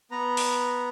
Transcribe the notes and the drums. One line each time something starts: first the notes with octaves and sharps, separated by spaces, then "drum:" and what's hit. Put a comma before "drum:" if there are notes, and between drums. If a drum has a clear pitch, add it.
B3 B4 A#5
drum: open hi-hat